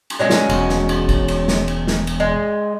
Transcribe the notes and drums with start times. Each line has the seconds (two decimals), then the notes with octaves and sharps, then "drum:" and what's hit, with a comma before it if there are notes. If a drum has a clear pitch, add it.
0.10 drum: cymbal
0.19 F#3 G#3 C#4
0.30 drum: snare
0.50 E1, drum: cymbal
0.69 drum: snare
0.89 drum: cymbal
1.09 drum: kick G#1, cymbal
1.28 drum: cymbal
1.48 drum: snare
1.68 drum: cymbal
1.87 drum: snare
2.07 drum: cymbal
2.20 G#3